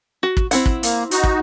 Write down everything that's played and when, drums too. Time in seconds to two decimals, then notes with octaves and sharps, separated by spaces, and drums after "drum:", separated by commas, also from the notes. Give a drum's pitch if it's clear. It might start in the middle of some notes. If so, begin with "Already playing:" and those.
0.23 F#4
0.37 drum: kick
0.51 C4 E4 F#5, drum: hi-hat
0.66 drum: kick
0.83 A#3, drum: hi-hat
1.11 D#4 F#4, drum: hi-hat
1.24 drum: kick